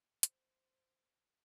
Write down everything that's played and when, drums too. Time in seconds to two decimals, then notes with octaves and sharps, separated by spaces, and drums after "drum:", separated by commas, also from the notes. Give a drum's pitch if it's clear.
0.23 C5, drum: hi-hat